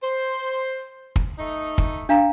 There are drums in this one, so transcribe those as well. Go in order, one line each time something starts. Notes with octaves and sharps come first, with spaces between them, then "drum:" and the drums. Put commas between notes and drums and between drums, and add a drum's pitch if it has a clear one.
C5
drum: kick
A3 D#4
drum: kick
D4 F5 A#5